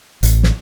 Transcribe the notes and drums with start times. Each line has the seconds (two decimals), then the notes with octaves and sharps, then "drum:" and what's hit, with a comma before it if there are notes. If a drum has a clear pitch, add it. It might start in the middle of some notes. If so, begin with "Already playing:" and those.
0.23 A1, drum: hi-hat
0.43 drum: snare